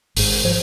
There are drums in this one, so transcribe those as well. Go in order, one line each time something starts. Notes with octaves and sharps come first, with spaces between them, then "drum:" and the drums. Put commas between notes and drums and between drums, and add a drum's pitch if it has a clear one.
G#1 G#2, drum: open hi-hat
F3